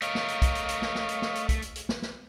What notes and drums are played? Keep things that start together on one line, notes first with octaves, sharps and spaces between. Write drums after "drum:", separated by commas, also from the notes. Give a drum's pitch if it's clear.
A3 A#4 C#5 D#5 F5, drum: hi-hat
drum: snare
drum: hi-hat
drum: kick, hi-hat
drum: hi-hat
drum: hi-hat
drum: snare
drum: snare
drum: hi-hat
drum: snare
drum: hi-hat
drum: kick, hi-hat
drum: hi-hat
drum: hi-hat
drum: snare
drum: snare